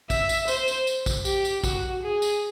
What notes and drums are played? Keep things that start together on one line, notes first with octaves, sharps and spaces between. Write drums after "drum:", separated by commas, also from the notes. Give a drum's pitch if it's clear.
E5, drum: kick A#1, tambourine
drum: tambourine
C5, drum: tambourine
drum: tambourine
drum: tambourine
drum: kick A#1, tambourine
G4, drum: tambourine
drum: tambourine
F#4, drum: kick A#1, tambourine
G#4
drum: tambourine